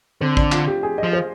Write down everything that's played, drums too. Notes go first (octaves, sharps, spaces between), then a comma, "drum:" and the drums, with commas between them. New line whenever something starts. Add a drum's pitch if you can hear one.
D3 C4
D4, drum: kick A1
F4, drum: clap
G4
G#4
D#5
F3
C5